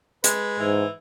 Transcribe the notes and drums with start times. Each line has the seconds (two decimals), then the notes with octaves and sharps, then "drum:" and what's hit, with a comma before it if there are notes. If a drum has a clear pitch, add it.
0.24 G#3 B4, drum: hi-hat
0.60 G#2 E3